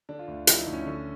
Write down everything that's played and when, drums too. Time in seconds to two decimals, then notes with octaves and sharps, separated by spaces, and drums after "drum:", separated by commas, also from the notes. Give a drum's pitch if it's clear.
0.09 D3 D4
0.19 F4
0.28 D2
0.47 F3 E4, drum: hi-hat
0.61 D#4
0.67 D2
0.73 C#4
0.87 D3